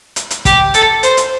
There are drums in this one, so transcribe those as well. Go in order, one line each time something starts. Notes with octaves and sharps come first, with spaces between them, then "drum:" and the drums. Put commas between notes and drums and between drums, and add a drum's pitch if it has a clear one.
drum: hi-hat
drum: hi-hat
G4, drum: kick, hi-hat
A4, drum: hi-hat
C5, drum: hi-hat
drum: hi-hat